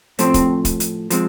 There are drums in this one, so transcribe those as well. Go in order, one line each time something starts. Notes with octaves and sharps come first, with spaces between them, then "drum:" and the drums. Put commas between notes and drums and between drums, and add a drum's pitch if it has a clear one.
A2 F3 A3 C4, drum: hi-hat
drum: kick, hi-hat
drum: kick, hi-hat
drum: hi-hat
F3 G#3 C4, drum: hi-hat